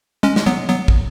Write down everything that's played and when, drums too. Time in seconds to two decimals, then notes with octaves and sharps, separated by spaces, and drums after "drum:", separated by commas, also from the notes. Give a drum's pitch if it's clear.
0.23 G#3 C#4
0.36 G#3, drum: snare
0.46 F#3 B3
0.69 F#3 B3
0.88 drum: kick